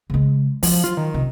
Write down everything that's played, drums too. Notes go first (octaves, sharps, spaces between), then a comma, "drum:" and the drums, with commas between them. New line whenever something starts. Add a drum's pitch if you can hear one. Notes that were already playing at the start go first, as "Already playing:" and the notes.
C#3 G#3
F3 F#3, drum: open hi-hat
F4
D#3
C3